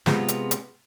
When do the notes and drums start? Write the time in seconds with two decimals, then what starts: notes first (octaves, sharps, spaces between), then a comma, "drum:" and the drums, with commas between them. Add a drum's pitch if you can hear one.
0.06 C3 G#3 B3 F4, drum: snare
0.28 drum: hi-hat
0.51 drum: hi-hat